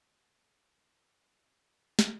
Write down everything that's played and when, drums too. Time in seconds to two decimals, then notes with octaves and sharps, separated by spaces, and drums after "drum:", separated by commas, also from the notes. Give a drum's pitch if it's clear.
0.13 F#4
0.84 D#4
1.21 D4
1.57 D4
1.99 drum: snare